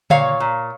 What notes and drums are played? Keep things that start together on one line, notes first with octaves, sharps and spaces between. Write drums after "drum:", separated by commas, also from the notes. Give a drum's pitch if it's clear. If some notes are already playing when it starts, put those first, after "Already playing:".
A#2 C#5 F5, drum: tom C#3
A#2